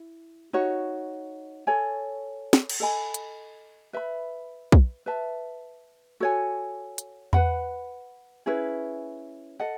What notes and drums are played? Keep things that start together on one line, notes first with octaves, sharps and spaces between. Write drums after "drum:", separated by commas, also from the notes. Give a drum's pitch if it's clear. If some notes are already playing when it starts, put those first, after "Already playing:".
Already playing: E4
D#4 F#4 C#5
A4 C#5 G#5
drum: snare
drum: cymbal
A4 D#5 G#5 B5
drum: hi-hat
B4 E5 B5
drum: kick
B4 E5 A5
F#4 A4 C#5 G#5
drum: hi-hat
B4 F#5 B5, drum: tom E2
C#4 E4 G#4 B4
A4 D#5 F#5